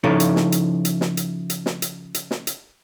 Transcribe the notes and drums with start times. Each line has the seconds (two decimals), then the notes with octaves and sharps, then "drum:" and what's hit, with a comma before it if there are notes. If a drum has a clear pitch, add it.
0.04 C#3 F3 D#4 E4 A4 C#5, drum: tom G#2
0.20 drum: hi-hat
0.36 drum: snare
0.52 drum: hi-hat
0.85 drum: hi-hat
1.01 drum: snare
1.17 drum: hi-hat
1.50 drum: hi-hat
1.66 drum: snare
1.82 drum: hi-hat
2.14 drum: hi-hat
2.31 drum: snare
2.47 drum: hi-hat